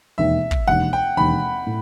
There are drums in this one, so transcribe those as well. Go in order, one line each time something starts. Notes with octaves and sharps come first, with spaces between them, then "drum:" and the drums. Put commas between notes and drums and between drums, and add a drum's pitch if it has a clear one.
E1 D#2 D#3 E5
drum: kick
E1 D#2 D#3 F#5
G5
E1 D#2 D#3 B5
A2